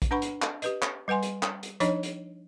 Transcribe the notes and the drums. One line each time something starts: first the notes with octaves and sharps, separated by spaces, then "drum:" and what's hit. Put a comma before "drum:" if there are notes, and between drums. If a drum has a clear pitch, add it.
drum: kick A#1, hi-hat
D4 B4 F#5 B5 C#6
drum: hi-hat
drum: clap
G4 B4 D#5, drum: hi-hat
drum: clap
G3 B4 F#5 G#5 C6
drum: hi-hat
drum: clap
drum: hi-hat
F3 D4 D#4 C#5 D#5, drum: hi-hat
drum: hi-hat